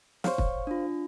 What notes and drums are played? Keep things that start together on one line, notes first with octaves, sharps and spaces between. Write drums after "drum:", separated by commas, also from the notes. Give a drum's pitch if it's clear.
C5 C#5 F5 C#6, drum: snare
drum: kick
D4 F4